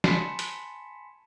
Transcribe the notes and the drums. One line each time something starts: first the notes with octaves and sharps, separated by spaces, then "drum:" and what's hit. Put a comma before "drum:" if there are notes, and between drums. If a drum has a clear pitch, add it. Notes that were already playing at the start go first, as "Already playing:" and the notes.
G#5 A5 B5 C6 B6 C#7, drum: snare
drum: hi-hat